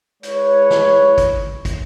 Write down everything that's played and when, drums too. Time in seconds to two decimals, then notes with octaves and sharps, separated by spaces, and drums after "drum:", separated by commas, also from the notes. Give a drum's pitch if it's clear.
0.23 G#3 E4 B4 C#5, drum: hi-hat
0.70 drum: snare
1.18 drum: kick, hi-hat
1.65 drum: kick, hi-hat